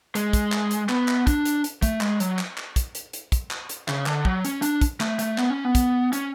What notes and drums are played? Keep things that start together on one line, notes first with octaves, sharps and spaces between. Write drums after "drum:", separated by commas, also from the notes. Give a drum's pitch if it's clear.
G#3, drum: hi-hat
drum: kick, hi-hat
drum: clap
drum: hi-hat
B3, drum: clap
drum: clap
D4, drum: kick, hi-hat
drum: hi-hat
drum: hi-hat
A3, drum: kick, hi-hat
G#3, drum: clap
F#3, drum: hi-hat
drum: clap
drum: clap
drum: kick, hi-hat
drum: hi-hat
drum: hi-hat
drum: kick, hi-hat
drum: clap
drum: hi-hat
C#3, drum: clap
D3, drum: clap
F#3, drum: kick
C#4, drum: hi-hat
D4, drum: hi-hat
drum: kick, hi-hat
A3, drum: clap
A3, drum: hi-hat
B3, drum: clap
C#4
B3
drum: kick, hi-hat
C#4, drum: hi-hat